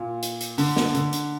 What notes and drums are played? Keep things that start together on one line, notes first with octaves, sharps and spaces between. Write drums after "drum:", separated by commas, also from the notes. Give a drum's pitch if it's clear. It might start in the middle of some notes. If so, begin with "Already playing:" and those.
Already playing: A#2
drum: hi-hat
drum: hi-hat
D3, drum: open hi-hat
drum: snare
D3, drum: hi-hat
drum: hi-hat